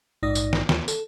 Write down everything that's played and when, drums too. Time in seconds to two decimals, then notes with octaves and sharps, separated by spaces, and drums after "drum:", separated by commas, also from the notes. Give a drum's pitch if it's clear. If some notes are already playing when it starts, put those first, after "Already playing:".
0.23 A#1 G#2 D#4 D5 D#6 A#6
0.35 drum: tambourine
0.53 drum: snare
0.69 D#2, drum: snare
0.88 A4, drum: tambourine